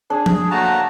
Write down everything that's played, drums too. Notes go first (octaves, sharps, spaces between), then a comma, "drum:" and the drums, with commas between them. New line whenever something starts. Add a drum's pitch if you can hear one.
D4 G#4
drum: tom
C#3 A3 A#3 F#4 A5 A#5